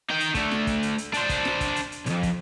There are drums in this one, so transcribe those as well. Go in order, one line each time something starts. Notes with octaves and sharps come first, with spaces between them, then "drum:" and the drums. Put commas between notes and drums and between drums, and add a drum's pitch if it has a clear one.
D#4 G5
drum: hi-hat
D3 A3, drum: kick, hi-hat
drum: snare
drum: kick, hi-hat
drum: hi-hat
drum: hi-hat
D4 C5, drum: hi-hat
drum: kick, hi-hat
drum: snare
drum: kick, hi-hat
drum: hi-hat
drum: hi-hat
B1 F2, drum: hi-hat
drum: kick, hi-hat